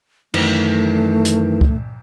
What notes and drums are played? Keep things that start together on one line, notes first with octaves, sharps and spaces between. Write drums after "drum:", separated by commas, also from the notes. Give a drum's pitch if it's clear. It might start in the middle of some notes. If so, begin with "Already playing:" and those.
F#2 D#3 E3 A3, drum: cymbal
drum: hi-hat
drum: kick